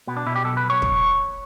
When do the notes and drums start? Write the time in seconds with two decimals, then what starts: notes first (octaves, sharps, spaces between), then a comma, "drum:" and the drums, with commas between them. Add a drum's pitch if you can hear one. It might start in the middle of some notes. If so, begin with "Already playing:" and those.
0.07 B2 B3
0.17 D4
0.26 B2 E4
0.36 G4
0.44 B1 A4
0.57 B4
0.63 B1
0.70 C#5
0.82 drum: kick